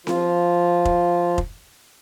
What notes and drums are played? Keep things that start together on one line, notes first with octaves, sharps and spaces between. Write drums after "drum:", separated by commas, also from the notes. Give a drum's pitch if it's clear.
F3 F4, drum: snare C4
drum: kick F1
drum: kick F1